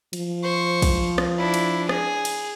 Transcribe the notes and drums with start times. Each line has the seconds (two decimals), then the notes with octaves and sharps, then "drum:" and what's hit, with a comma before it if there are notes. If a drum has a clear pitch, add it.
0.13 F3, drum: cymbal
0.44 C5 C#6
0.82 drum: kick, cymbal
1.18 drum: rim click
1.39 D4 E4
1.54 drum: cymbal
1.89 G#4, drum: rim click
2.25 drum: cymbal